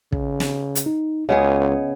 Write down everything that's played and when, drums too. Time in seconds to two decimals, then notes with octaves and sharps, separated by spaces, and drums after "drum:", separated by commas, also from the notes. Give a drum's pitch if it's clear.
0.12 C#3, drum: kick
0.40 drum: snare
0.75 drum: hi-hat
0.86 D#4
1.29 C#2 C#3 B3 G#4 D#5